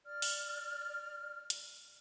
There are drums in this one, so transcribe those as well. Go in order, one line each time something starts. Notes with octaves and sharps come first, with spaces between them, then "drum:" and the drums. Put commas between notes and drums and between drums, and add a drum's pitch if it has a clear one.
D5 F6
drum: open hi-hat
drum: hi-hat